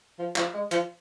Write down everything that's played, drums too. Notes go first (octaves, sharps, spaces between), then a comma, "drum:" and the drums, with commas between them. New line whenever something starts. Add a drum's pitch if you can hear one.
F3
F3, drum: clap
G#3
F3, drum: hi-hat